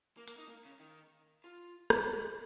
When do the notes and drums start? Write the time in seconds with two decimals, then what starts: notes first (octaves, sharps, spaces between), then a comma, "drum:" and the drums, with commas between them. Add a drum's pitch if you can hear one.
0.17 A#3
0.28 A#3, drum: hi-hat
0.38 D#4
0.48 A#3
0.65 C#3
0.80 D#3
1.44 F4
1.90 drum: rim click